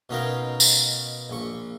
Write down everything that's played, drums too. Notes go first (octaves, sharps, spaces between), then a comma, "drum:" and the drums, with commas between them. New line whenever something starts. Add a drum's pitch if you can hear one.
B2 C#4 D#4 A#4 F5 G5
drum: tambourine
A#1 C#6